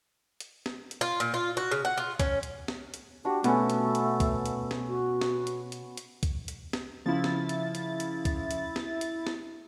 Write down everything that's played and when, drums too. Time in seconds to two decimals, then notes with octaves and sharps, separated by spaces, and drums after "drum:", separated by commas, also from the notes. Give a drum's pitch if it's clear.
0.40 drum: hi-hat
0.66 drum: snare
0.91 drum: hi-hat
1.01 F4
1.20 A#2
1.34 F4
1.57 F#4
1.71 C#3
1.85 F#5
1.98 F4
2.20 C#4, drum: kick C2, hi-hat
2.43 drum: hi-hat
2.68 drum: snare
2.94 drum: hi-hat
3.25 D4 F#4 G4
3.44 B2 A3 B3 C#4, drum: hi-hat
3.70 drum: hi-hat
3.95 drum: hi-hat
4.20 drum: kick C2, hi-hat
4.46 drum: hi-hat
4.71 drum: snare
4.87 F#4
5.21 drum: snare
5.47 drum: hi-hat
5.72 drum: hi-hat
5.97 drum: hi-hat
6.23 drum: kick C2, hi-hat
6.48 drum: hi-hat
6.73 drum: snare
7.06 C#3 F3 E4 A6
7.24 drum: snare
7.49 drum: hi-hat
7.75 drum: hi-hat
8.00 drum: hi-hat
8.25 drum: kick C2, hi-hat
8.51 drum: hi-hat
8.76 drum: snare
9.01 drum: hi-hat
9.27 drum: snare